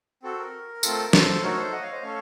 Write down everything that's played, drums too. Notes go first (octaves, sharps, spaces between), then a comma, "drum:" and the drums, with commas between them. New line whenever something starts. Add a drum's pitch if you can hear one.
C4 F#4 A4
A#4
A3 C4 F4 A4, drum: tambourine
A4 C5, drum: snare
A3 D#4 F#4 A4 A#4 C#5
A4 C5
D#5 F#5
C#5 F5
C5 D#5
A3 C#4 A4 C#5 F5